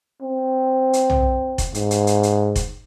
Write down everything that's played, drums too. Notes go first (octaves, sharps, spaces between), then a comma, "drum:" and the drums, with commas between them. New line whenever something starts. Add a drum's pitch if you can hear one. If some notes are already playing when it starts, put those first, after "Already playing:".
C4
drum: hi-hat
drum: tom B1
drum: kick F1, hi-hat
G#2, drum: hi-hat
drum: hi-hat
drum: hi-hat
drum: hi-hat
drum: kick F1, hi-hat